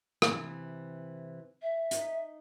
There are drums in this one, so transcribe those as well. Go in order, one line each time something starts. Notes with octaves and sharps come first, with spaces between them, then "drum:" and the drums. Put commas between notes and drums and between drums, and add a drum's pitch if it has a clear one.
C3 E3, drum: rim click
E5
D#4, drum: hi-hat